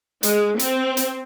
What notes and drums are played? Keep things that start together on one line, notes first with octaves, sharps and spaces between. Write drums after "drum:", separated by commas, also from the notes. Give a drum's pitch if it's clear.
G#3, drum: hi-hat
C4, drum: hi-hat
drum: hi-hat